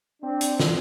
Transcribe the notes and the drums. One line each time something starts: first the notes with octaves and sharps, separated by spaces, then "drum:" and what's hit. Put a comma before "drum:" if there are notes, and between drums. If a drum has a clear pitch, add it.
C4 D4
drum: hi-hat
drum: snare